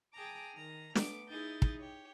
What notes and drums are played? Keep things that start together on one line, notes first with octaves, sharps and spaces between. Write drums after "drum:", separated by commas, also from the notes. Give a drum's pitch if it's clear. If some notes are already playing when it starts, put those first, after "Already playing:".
G#4 G5 A5 A#5 D6
D#3 A#5
A3 B3 D6, drum: snare
D#4 E4 G#4 G6 A6
drum: kick
G4 C#5